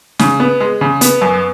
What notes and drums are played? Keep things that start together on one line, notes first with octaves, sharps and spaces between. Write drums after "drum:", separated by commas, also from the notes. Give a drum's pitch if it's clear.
C#3, drum: snare
B3
G#3
C#3
B3, drum: hi-hat
F#2